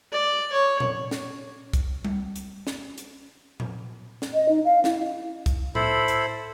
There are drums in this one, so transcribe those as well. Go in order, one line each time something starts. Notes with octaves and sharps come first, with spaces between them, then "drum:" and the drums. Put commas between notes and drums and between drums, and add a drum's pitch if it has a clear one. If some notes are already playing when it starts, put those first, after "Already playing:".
D5
C#5
drum: tom A#2
drum: snare
drum: kick C2, hi-hat
drum: tom G3
drum: hi-hat
drum: snare
drum: hi-hat
drum: tom A#2
drum: snare
D#5
D#4
F5
E4, drum: snare
drum: kick C2, hi-hat
E4 A4 C5 B5, drum: tom A2
drum: hi-hat